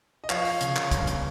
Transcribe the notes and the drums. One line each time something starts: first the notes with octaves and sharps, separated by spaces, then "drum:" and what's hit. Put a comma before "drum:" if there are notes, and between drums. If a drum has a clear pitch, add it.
D#5
F3 C#5 F5, drum: clap
drum: open hi-hat
C#3, drum: hi-hat
drum: clap
G1, drum: kick, hi-hat
drum: hi-hat